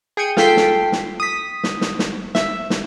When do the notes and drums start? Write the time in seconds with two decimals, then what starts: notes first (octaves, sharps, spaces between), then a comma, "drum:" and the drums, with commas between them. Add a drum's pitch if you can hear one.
0.17 G#4 G5 C#7 D#7
0.37 F4 A4 G5 B6 C7, drum: snare
0.57 drum: snare
0.92 drum: snare
1.20 D#6 B6
1.64 drum: snare
1.81 drum: snare
1.99 drum: snare
2.35 E5, drum: snare
2.70 drum: snare